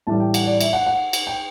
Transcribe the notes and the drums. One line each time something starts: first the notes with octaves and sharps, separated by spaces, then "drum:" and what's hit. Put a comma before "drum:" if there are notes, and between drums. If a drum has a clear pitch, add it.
A2 E3 G3 D4 A5
G5
F#5, drum: cymbal
D5
E5, drum: cymbal
F#5
F#5
drum: cymbal
G5